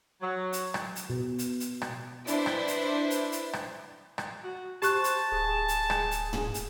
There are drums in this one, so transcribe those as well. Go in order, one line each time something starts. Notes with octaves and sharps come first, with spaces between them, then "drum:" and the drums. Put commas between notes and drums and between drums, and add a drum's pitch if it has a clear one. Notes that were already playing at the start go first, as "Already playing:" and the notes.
F#3
drum: hi-hat
drum: rim click
drum: hi-hat
B2
drum: hi-hat
drum: hi-hat
drum: rim click
D4 E4 B4 C5, drum: hi-hat
drum: rim click
drum: hi-hat
drum: hi-hat
drum: hi-hat
drum: rim click
drum: rim click
F#4
G4 C5 A5 C#6 F#6, drum: hi-hat
drum: hi-hat
D1 G#4
drum: hi-hat
drum: rim click
drum: hi-hat
drum: tom
drum: hi-hat